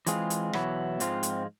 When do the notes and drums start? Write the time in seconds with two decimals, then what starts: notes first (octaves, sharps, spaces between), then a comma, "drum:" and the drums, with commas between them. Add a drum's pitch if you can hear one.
0.07 E3 G#3 C4 F4 G#4, drum: hi-hat
0.30 drum: hi-hat
0.53 E2 B2 F#3 B3 E4, drum: rim click
1.00 G#2 F3 G#3 C4 F4, drum: hi-hat
1.23 drum: hi-hat